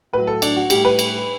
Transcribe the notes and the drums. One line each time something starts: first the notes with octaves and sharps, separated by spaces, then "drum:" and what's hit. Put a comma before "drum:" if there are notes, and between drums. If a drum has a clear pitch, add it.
A2 F#3 B4
A4
D4, drum: cymbal
F#4
A2 G3 G4, drum: cymbal
B4
drum: cymbal